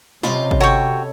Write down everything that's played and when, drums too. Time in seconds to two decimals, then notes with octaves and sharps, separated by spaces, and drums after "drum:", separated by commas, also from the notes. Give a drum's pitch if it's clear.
0.23 C3 C#4 F4 D#5 B5, drum: snare
0.51 drum: kick
0.60 F#4 A4 C#5 G5